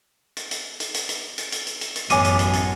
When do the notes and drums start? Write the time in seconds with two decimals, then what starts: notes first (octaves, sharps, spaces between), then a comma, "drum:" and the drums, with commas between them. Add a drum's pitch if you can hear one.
0.37 drum: hi-hat
0.51 drum: hi-hat
0.80 drum: hi-hat
0.94 drum: hi-hat
1.09 drum: hi-hat
1.38 drum: hi-hat
1.52 drum: hi-hat
1.67 drum: hi-hat
1.81 drum: hi-hat
1.96 drum: hi-hat
2.10 A1 F#2 B3 C#5 G#5 D6 D#7, drum: hi-hat
2.24 drum: hi-hat
2.39 drum: hi-hat
2.53 drum: hi-hat